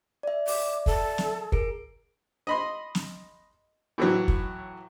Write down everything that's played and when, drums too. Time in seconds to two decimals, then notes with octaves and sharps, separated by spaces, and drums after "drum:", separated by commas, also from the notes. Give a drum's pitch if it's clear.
0.23 D5 E5
0.48 D6, drum: open hi-hat
0.86 A4, drum: kick
1.18 drum: snare
1.52 G#4 A#4 D7, drum: kick
2.47 D#5 B5 C6
2.95 drum: snare
3.98 A2 E3 F#3
4.28 drum: kick